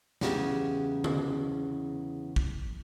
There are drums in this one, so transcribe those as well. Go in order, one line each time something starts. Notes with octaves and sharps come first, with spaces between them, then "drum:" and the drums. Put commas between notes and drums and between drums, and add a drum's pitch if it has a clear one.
E2 C#3 G4, drum: snare
drum: tom
drum: kick